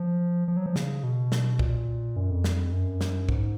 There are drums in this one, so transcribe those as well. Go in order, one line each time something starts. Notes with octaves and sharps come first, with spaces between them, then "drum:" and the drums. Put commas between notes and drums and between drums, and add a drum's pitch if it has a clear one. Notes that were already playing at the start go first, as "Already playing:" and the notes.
Already playing: F3
F3
F#3
F3
C#3, drum: snare
B2
drum: snare
A#2, drum: kick
F#2
F2
drum: snare
F#2
drum: snare
G#2, drum: kick